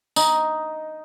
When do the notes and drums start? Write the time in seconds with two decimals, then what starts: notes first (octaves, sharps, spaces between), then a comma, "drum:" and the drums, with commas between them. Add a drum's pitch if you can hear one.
0.16 D#4, drum: tambourine